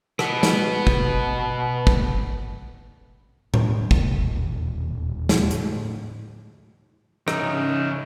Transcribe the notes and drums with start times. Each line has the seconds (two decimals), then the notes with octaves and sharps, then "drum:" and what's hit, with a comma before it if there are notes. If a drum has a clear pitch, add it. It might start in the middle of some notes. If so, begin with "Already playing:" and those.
0.19 B2 B3, drum: rim click
0.43 drum: snare
0.87 drum: kick
1.87 drum: kick
3.54 E1 D#3 G#3 A#3, drum: tom A2
3.91 E1 D#2 A#2, drum: kick
5.29 drum: snare
5.51 A2 D3, drum: hi-hat
7.28 C#3 C#4 D#4 E5, drum: rim click